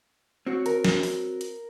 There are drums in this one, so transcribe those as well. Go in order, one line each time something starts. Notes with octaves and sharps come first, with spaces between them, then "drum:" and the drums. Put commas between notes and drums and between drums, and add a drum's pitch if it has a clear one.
C4 F#4 C#5
A#4, drum: hi-hat
drum: snare
drum: open hi-hat
drum: hi-hat